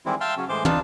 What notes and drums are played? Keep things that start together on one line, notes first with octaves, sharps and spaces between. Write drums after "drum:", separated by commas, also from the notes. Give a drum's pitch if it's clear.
D#3 E3 G3 G#3 C4 E4
E5 F5 G5 A5 C6 F6
C#3 F#3 C#4
A2 E3 G#3 C5 D6
D4 D#4 F4 F5 A5, drum: tom